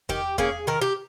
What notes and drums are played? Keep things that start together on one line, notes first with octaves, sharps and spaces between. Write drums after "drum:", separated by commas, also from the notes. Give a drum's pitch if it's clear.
D#3 G4, drum: kick E2
A#3 C#4 G#4, drum: kick E2
D#3 A#4
G4